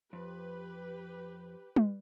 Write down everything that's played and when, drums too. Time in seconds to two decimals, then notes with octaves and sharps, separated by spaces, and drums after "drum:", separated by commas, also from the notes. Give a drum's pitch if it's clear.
0.13 F2 G4 B4
1.76 drum: tom G3